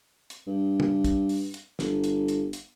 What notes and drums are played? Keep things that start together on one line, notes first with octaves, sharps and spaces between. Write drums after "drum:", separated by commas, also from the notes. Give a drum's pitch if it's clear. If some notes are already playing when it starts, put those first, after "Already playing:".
drum: hi-hat
G2
drum: tom
drum: kick, hi-hat
drum: open hi-hat
drum: hi-hat
G1, drum: snare
drum: hi-hat
drum: hi-hat
drum: hi-hat